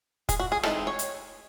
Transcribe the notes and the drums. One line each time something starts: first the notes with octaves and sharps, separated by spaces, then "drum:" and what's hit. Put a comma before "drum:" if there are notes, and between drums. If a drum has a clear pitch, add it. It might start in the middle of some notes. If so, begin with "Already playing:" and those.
G#4, drum: kick, hi-hat
F#4
G#4
E3 G#3 C4 D#4 A4, drum: rim click
C#5
drum: hi-hat